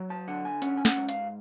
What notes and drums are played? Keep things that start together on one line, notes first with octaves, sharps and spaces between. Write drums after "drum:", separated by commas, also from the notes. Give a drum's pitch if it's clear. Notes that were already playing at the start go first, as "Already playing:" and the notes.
Already playing: F#3
A5
D3 F#5
G#5
C#4 F#5, drum: hi-hat
G#5
F#5, drum: snare
G#2
F5, drum: hi-hat